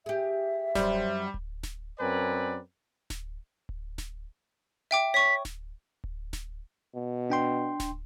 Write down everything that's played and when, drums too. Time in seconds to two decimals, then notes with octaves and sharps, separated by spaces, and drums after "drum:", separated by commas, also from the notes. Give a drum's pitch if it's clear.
0.06 G4 G#4 E5
0.75 F#2 F#3 G3 C5, drum: snare D1
1.34 drum: kick D1
1.63 drum: snare D1
1.99 F#2 C4 A#4 B4 D5 G#5
3.10 drum: snare D1
3.69 drum: kick D1
3.98 drum: snare D1
4.91 E5 G5 D6
5.14 C#5 C#6 B6
5.45 drum: snare D1
6.04 drum: kick D1
6.33 drum: snare D1
6.95 B2
7.30 D4 G5 C6
7.80 drum: snare D1